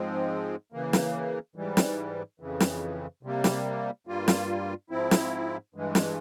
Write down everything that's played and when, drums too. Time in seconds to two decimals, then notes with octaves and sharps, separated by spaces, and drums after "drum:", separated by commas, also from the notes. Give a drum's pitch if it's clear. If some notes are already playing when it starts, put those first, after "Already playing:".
Already playing: G#2 F3 G#3 C4
0.72 C#3 E3 A#3
0.93 drum: snare
1.56 G#2 E3 G3
1.77 drum: snare
2.40 F2 C#3 E3
2.60 drum: snare
3.23 C3 G3 A#3
3.44 drum: snare
4.07 G2 G3 A#3 F4
4.28 drum: snare
4.90 G#2 F3 C4 E4
5.11 drum: snare
5.74 G2 E3 G#3
5.95 drum: snare